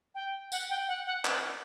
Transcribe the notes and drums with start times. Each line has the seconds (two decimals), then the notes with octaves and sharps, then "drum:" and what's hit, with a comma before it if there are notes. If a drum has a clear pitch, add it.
0.15 G5
0.52 F#5, drum: tambourine
0.70 G5
0.88 F#5
1.07 F#5
1.25 drum: clap